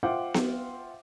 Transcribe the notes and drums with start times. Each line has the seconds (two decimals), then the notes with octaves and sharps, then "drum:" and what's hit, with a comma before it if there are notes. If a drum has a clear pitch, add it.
0.03 F4 C5 E5 F#5 G5 D6
0.34 drum: snare B3